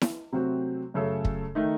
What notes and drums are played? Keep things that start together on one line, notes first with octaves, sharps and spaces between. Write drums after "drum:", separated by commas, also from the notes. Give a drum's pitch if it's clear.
drum: snare E4
C3 F#3 A3 C4 F#4
F#2 C#3 A3 C#4 A4
drum: kick
D#3 A3 D#4